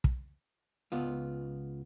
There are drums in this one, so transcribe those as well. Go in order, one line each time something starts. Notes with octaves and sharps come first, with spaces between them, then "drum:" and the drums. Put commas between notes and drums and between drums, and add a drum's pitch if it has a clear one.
drum: kick
C#2 B3 F4